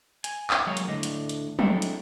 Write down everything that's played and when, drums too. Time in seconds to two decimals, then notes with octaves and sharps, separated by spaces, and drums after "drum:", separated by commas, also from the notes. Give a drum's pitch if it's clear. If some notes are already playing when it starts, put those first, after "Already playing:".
0.24 G#5, drum: hi-hat
0.50 drum: clap
0.67 F#3 G#3 A#3 A#4 C#5 D#5
0.77 drum: hi-hat
0.87 D2 A2 D4 D#5
1.03 drum: hi-hat
1.29 drum: hi-hat
1.59 F#3 G#3 C4 D4 E4 A4, drum: tom
1.82 drum: hi-hat